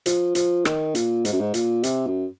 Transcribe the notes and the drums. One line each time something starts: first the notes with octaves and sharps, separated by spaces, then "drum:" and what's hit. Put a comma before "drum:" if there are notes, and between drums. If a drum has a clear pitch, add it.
F3, drum: hi-hat
F3, drum: hi-hat
D#3, drum: rim click
A#2, drum: hi-hat
G#2, drum: hi-hat
F#2
G#2
A#2, drum: hi-hat
C3, drum: hi-hat
F#2